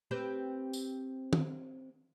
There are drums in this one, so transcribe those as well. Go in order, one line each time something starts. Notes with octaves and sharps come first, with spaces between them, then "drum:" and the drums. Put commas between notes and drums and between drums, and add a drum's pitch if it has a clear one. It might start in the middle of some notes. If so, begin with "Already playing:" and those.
C4 G4 B4
drum: tambourine
drum: tom